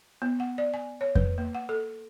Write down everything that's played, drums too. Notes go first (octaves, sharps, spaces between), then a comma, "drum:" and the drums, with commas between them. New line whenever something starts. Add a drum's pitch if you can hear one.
B3
F#5
D5
G#5
C#5
B4, drum: kick F2
A#3
F#5
A4